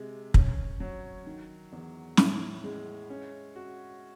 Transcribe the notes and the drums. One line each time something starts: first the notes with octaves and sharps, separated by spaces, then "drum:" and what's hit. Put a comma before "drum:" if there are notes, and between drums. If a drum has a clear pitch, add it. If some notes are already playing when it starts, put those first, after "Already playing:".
Already playing: C3 G#3
C#4, drum: kick
F#3
D#3
E2
A2, drum: snare
G#3
C#4
F#4